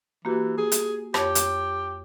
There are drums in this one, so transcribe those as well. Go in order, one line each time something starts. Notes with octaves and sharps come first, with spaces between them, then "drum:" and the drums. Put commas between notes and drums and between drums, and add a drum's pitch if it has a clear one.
E3 A#3 F#4 G4
G#4
drum: hi-hat
F2 G4 C#5, drum: rim click
drum: hi-hat